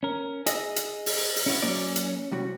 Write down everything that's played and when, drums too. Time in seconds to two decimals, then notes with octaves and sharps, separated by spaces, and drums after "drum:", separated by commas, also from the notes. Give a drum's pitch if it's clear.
0.03 C#4 A#4
0.46 G#4 D#5 E5, drum: hi-hat
0.76 drum: hi-hat
1.06 drum: open hi-hat
1.36 drum: open hi-hat
1.46 C#4 E4 F#4
1.62 F#3 A#3 C#4 D5
1.96 drum: hi-hat
2.31 C2 G3 F#4